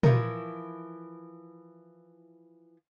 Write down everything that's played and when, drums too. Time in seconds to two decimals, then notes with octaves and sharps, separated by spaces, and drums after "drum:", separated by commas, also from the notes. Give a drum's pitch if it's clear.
0.03 E3 F3 E4 A#4, drum: tom A#2